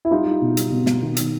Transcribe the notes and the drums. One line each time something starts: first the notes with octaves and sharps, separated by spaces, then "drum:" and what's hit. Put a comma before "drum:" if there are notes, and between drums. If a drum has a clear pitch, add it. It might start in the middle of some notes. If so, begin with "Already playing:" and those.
E4
G3 D#4 F4
G3
B2
G3, drum: hi-hat
B2
B2, drum: snare
D#3
D#3, drum: hi-hat